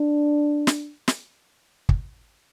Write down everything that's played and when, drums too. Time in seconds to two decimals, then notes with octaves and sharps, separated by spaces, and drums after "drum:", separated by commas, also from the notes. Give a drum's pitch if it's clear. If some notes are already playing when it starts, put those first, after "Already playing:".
Already playing: D4
0.67 drum: snare
1.08 drum: snare
1.89 drum: kick